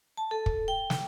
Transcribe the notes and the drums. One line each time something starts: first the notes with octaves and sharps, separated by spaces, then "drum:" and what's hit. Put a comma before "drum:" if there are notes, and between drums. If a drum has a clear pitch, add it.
A5
A4
drum: kick
G5
drum: snare